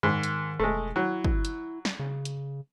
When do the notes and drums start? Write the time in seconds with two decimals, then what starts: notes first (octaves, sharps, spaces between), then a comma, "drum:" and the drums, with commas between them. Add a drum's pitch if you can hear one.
0.03 G#2 D#3
0.23 drum: hi-hat
0.60 E1 G#3 A3
0.96 F#3 E4
1.24 drum: kick
1.45 drum: hi-hat
1.85 drum: snare
1.99 C#3
2.25 drum: hi-hat